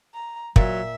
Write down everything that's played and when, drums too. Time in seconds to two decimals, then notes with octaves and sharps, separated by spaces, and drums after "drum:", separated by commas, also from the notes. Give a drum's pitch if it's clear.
0.14 A#5
0.56 A#2 F#3 E5, drum: kick